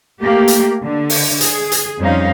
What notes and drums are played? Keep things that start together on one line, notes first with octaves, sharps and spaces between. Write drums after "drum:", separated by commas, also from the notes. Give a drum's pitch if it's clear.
A3 A#3 G4
drum: hi-hat
D3
drum: open hi-hat
G#4, drum: hi-hat
drum: hi-hat
F2 G3 C#4 D#4 C5 F5